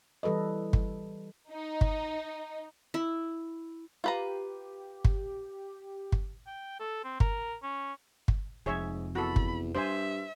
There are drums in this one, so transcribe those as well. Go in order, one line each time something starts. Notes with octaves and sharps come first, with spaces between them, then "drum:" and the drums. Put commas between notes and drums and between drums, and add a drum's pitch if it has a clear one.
E3 G3 A4 B4 D#5
drum: kick
D#4
drum: kick
E4
F4 G4 B4 A#5
drum: kick
drum: kick
G5
A4
C4
A#4, drum: kick
C#4
drum: kick
F1 F2 G#2 G#4 C#5 E5
E2 F#4 A4 B5
drum: kick
G2 C5 E5 G#5